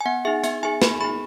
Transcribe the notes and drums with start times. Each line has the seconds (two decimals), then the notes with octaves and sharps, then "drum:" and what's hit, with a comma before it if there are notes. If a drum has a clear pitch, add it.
0.01 G#5
0.06 B3 F#5
0.25 D#4 G#4 E5
0.44 B3 E5, drum: hi-hat
0.63 D#4 G#4 G#5
0.82 B3 B5, drum: snare
1.01 D#4 G#4 B5